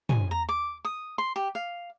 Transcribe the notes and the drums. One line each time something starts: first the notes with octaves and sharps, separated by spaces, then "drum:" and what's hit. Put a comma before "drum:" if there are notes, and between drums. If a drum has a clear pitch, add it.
G#5, drum: tom
A#5
D6
D#6
C6
G4
F5